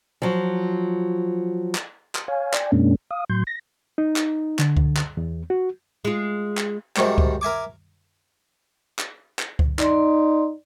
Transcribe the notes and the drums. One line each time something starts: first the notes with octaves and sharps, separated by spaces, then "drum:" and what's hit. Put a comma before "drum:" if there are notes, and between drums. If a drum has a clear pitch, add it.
F3 F#3
drum: clap
drum: clap
C#5 F5 G#5
D5 G5 G#5, drum: clap
F#2 B2 G#3 A#3 C#4 D4
F5 D#6
A2 F#3 C6 G6
A#6
D#4
drum: clap
D3, drum: clap
drum: kick C#2
drum: clap
E2
F#4
G#3 F4
drum: clap
G#2 C3 D#3 F#3 G3, drum: clap
drum: kick C#2
A#4 E5 G#5 D6
drum: clap
drum: clap
drum: kick C#2
D#4 D5 C6, drum: clap